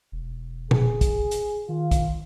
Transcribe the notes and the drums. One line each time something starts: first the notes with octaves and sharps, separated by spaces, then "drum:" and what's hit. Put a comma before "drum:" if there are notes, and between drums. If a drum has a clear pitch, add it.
E1
G#4, drum: tom
drum: kick, hi-hat
drum: hi-hat
D#3 F4
drum: kick, hi-hat